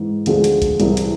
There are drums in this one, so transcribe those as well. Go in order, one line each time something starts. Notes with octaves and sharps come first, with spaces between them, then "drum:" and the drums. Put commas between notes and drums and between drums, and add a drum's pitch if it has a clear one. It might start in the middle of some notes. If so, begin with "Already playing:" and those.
Already playing: G#2 E3
D2 D3 F3 G#3 G#4, drum: hi-hat
drum: hi-hat
drum: kick C2, hi-hat
C2 C3 E3, drum: hi-hat
drum: hi-hat